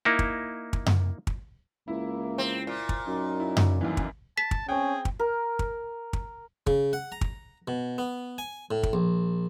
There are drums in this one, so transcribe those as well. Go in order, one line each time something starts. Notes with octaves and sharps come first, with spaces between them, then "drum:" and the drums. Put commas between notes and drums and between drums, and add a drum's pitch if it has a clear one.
A#3 D#4 E4
drum: kick
drum: kick
drum: tom F#2
drum: kick
C#2 A#3 E4
C4
A#2
drum: kick
F#2 D#4
E4
drum: tom F#2
D#1 F#2 D#3 E3
drum: kick
A5 B6
drum: kick
C4 C#4 G#4 G5
drum: kick
A#4
drum: kick
drum: kick
C#3, drum: kick
F#5
A#5
drum: kick
B2
B3
G#5
A2
drum: kick
A#1